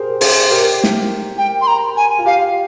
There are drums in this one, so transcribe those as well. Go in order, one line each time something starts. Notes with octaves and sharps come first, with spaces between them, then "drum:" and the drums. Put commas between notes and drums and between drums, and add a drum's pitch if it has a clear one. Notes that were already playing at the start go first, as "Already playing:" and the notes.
Already playing: G4 G#4 A#4 C5
G#4 C5, drum: open hi-hat
G4 A#4
drum: snare
G5
C6
A#5
G#5
F4
G4 F5